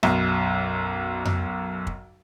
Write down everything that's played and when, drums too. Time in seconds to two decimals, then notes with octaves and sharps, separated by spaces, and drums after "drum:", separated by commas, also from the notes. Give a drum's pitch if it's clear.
0.03 B1 F#2, drum: rim click
1.25 drum: tom F2
1.87 drum: kick